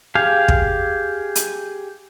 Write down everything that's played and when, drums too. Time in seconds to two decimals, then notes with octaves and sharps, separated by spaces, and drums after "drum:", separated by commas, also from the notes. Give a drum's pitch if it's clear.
0.15 G4 G#4 F5
0.48 drum: kick
1.35 drum: hi-hat